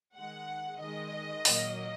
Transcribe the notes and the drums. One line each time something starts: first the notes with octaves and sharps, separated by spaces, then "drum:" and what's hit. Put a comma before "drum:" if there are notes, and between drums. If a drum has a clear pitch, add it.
D#3 G#3 F#5
D#3 G#3 D#5
A#2 F#3 A#3, drum: open hi-hat